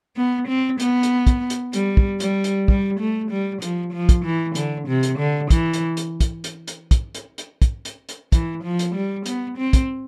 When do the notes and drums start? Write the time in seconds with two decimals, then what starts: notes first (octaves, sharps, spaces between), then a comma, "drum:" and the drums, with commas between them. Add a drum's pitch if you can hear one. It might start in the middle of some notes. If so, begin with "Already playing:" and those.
0.17 B3
0.48 C4
0.80 B3, drum: hi-hat
1.03 drum: hi-hat
1.27 drum: kick, hi-hat
1.50 drum: hi-hat
1.73 G3, drum: hi-hat
1.97 drum: kick
2.20 G3, drum: hi-hat
2.44 drum: hi-hat
2.68 G3, drum: kick
3.00 A3
3.31 G3
3.62 F3, drum: hi-hat
3.93 F3
4.09 drum: kick, hi-hat
4.24 E3
4.55 D3, drum: hi-hat
4.88 C3
5.03 drum: hi-hat
5.19 D3
5.50 E3, drum: kick, hi-hat
5.73 drum: hi-hat
5.97 drum: hi-hat
6.20 drum: kick, hi-hat
6.44 drum: hi-hat
6.68 drum: hi-hat
6.91 drum: kick, hi-hat
7.15 drum: hi-hat
7.38 drum: hi-hat
7.62 drum: kick, hi-hat
7.85 drum: hi-hat
8.09 drum: hi-hat
8.32 E3, drum: kick, hi-hat
8.63 F3
8.79 drum: hi-hat
8.94 G3
9.26 B3, drum: hi-hat
9.57 C4
9.73 drum: kick, hi-hat